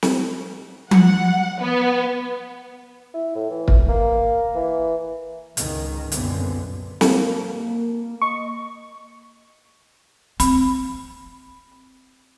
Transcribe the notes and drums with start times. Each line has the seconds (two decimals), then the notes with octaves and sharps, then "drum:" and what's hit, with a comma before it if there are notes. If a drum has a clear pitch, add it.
0.03 drum: snare
0.91 F#5, drum: tom F3
1.60 B3
3.14 E4
3.35 A2
3.50 E3
3.68 drum: kick
3.88 A#3
4.55 E3
5.57 C#2 G#2 D#3, drum: hi-hat
6.12 C2 F#2 A#2 D3 B3 C4, drum: hi-hat
7.01 A#3 A4, drum: snare
8.22 D#5 C#6
10.40 C4 B5, drum: hi-hat